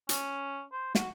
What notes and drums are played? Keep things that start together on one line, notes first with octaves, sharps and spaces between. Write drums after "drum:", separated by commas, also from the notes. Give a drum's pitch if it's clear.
C#4, drum: hi-hat
C5
F#4, drum: snare